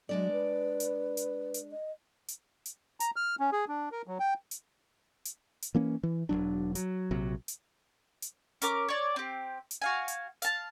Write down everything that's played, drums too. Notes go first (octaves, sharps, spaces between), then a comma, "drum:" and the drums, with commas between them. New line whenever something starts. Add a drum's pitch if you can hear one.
F#3 G#3 D4 D5
B4
drum: hi-hat
drum: hi-hat
drum: hi-hat
D#5
drum: hi-hat
drum: hi-hat
A#5, drum: hi-hat
F6
C#4
G#4
D4
A#4
F#3
G5
drum: hi-hat
drum: hi-hat
drum: hi-hat
E3 A#3 C#4
E3
E1 D#2 F#3 D4
F#3, drum: hi-hat
A#1 C3 F#3
drum: hi-hat
drum: hi-hat
C#4 A#4 D6, drum: hi-hat
C#5 D5
C4 G4
drum: hi-hat
F#4 F5 G#5
drum: hi-hat
F5 A5, drum: hi-hat